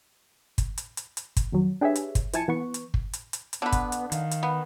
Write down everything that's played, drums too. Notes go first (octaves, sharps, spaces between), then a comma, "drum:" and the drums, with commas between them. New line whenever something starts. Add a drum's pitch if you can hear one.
drum: kick, hi-hat
drum: hi-hat
drum: hi-hat
drum: hi-hat
drum: kick, hi-hat
F2 D#3 F#3
D4 G4 G#4 B4 C#5 E5
drum: hi-hat
drum: kick, hi-hat
F3 E4 G#5 A5 C#7, drum: hi-hat
E3 B3 B4 C#6
drum: hi-hat
drum: kick
drum: hi-hat
drum: hi-hat
drum: hi-hat
D3 B3 B4
drum: kick, hi-hat
drum: hi-hat
D#3 F5, drum: hi-hat
drum: hi-hat
B3